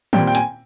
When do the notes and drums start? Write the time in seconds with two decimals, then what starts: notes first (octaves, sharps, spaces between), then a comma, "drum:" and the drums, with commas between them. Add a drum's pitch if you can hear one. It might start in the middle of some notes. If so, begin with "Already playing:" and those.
0.13 A#2 G3 C4 G5, drum: tom D#3
0.27 G5
0.35 G#5, drum: hi-hat